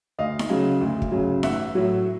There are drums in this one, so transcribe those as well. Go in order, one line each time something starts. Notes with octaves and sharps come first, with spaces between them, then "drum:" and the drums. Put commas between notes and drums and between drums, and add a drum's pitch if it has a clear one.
D2 D#5 F5
drum: snare D#4
C#3 F#3
D2
drum: kick
C#3 F#3
A1 E5 F#5, drum: snare D#4
A2 F#3